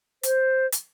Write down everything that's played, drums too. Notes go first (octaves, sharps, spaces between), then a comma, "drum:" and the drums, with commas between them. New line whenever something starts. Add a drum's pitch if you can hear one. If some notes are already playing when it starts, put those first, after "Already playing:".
C5, drum: hi-hat
drum: hi-hat